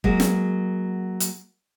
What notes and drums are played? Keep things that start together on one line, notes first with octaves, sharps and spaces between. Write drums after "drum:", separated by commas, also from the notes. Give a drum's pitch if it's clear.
F#3 G#3 A#3, drum: kick
drum: snare
drum: hi-hat